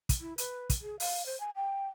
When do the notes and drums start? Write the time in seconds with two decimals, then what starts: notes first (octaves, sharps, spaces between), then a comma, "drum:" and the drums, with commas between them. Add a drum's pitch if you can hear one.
0.09 drum: kick, hi-hat
0.21 E4
0.38 B4, drum: hi-hat
0.70 drum: kick, hi-hat
0.82 G#4
1.00 F5, drum: open hi-hat
1.26 C5
1.40 G#5
1.56 G5